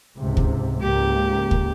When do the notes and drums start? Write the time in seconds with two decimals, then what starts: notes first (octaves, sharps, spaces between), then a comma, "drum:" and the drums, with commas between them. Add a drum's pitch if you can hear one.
0.18 C#2 G#2 C3
0.37 drum: kick
0.82 C#2 G#2 A#3 G4
1.51 drum: kick